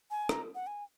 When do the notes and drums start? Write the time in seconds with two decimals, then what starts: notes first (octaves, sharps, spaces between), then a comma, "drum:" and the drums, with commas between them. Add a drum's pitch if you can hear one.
0.11 G#5
0.29 A#5, drum: rim click
0.55 F#5
0.67 G#5